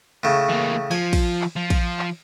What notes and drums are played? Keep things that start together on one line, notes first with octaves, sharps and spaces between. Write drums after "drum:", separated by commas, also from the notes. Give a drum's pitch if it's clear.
A2 C#3
E3 A#3
F3 G#5
drum: kick, cymbal
drum: clap
F3
drum: kick, cymbal
drum: clap